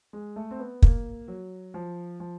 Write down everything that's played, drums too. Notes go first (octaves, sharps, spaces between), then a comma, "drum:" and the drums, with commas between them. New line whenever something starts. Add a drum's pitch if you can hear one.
G#3
A3
C4
B3
A#3, drum: kick
F#3
F3
F3